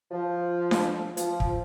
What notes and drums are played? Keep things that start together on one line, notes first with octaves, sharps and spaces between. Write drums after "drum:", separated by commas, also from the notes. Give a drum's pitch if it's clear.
F3
drum: snare D4
F3, drum: hi-hat
drum: kick